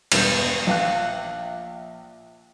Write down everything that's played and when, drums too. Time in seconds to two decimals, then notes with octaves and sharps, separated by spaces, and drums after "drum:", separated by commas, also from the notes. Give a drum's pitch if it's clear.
0.12 E1 G2 B3 G6, drum: cymbal
0.67 A#1 F5 A5 D6 F#6